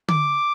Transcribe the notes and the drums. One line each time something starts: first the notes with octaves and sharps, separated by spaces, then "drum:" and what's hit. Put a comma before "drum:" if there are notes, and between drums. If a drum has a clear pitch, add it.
D6, drum: tom D3